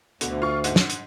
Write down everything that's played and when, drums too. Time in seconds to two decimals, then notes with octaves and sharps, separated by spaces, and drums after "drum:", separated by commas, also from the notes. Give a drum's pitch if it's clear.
0.21 D2 B2 D3, drum: hi-hat
0.42 F4 C#6
0.64 G#2 F#5, drum: hi-hat
0.76 drum: snare
0.90 drum: hi-hat